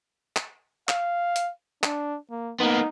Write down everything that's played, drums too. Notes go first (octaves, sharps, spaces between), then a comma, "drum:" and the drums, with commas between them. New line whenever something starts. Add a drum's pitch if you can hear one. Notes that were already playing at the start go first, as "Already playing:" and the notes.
drum: clap
F5, drum: clap
drum: hi-hat
D4, drum: clap
A#3
A#3 B3 D#4